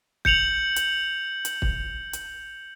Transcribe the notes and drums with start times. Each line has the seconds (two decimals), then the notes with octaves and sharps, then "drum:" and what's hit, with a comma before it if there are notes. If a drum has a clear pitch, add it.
0.25 G6 C#7 F7 F#7, drum: kick
0.76 drum: hi-hat
1.45 drum: hi-hat
1.62 drum: kick
2.13 drum: hi-hat